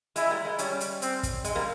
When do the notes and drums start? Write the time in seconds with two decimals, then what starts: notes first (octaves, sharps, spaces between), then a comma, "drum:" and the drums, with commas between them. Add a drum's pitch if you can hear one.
0.16 G#3 E4, drum: hi-hat
0.31 G3 A#3
0.45 G#3
0.58 G3 C#4, drum: hi-hat
0.81 drum: hi-hat
1.02 C4, drum: hi-hat
1.23 drum: kick, hi-hat
1.44 G#3, drum: hi-hat
1.55 G3 A#3